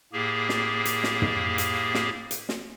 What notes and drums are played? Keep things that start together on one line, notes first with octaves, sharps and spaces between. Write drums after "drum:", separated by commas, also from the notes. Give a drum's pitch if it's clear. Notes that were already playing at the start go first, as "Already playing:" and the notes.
A2 A#3 G4 G#4
drum: snare
drum: hi-hat
drum: snare
drum: tom
drum: hi-hat
drum: snare
drum: hi-hat
drum: snare